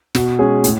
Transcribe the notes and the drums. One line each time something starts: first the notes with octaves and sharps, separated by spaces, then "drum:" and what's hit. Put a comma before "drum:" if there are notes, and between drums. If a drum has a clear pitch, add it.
B2, drum: snare
G#3 C#4 G#4
A2, drum: hi-hat